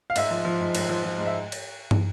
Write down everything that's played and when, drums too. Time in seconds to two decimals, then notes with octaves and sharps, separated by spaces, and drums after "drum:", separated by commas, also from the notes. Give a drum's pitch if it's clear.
0.10 F5
0.16 G#2 E5, drum: cymbal
0.31 F3
0.45 F3
0.61 G#2
0.75 G#2, drum: cymbal
0.89 F3
1.04 F3
1.18 G#2
1.26 E5
1.52 drum: cymbal
1.91 drum: tom